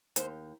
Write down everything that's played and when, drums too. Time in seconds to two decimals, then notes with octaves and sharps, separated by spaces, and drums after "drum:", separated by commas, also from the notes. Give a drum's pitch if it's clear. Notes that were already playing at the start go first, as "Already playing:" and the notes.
0.16 D#2 C5, drum: hi-hat